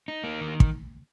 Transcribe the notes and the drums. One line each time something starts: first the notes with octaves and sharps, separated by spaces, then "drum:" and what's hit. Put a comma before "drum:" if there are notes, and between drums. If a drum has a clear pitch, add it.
D#4
A#3
D#3
drum: kick